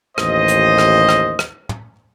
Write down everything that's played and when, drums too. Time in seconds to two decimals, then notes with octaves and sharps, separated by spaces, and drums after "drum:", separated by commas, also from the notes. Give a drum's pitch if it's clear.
0.18 A1 D#2 C5 D#5, drum: rim click
0.48 drum: hi-hat
0.78 drum: rim click
1.09 drum: rim click
1.39 drum: rim click
1.69 drum: tom